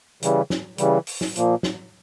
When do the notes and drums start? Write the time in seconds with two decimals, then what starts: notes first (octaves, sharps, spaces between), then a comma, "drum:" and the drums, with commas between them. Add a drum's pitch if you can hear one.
0.22 C#3 E3 G3, drum: hi-hat
0.50 drum: snare
0.78 C#3 E3 G3, drum: hi-hat
1.07 drum: open hi-hat
1.21 drum: snare
1.36 A#2 F3 A#3, drum: hi-hat
1.63 drum: snare